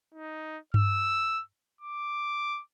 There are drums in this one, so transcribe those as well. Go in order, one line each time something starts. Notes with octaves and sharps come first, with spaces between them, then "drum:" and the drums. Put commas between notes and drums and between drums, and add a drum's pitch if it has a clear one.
D#4
E6, drum: tom G2
D6